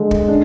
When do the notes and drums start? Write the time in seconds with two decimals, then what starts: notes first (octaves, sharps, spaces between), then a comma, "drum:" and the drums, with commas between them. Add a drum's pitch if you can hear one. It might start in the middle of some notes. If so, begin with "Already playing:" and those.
Already playing: D3 G#3
0.11 drum: kick
0.28 D4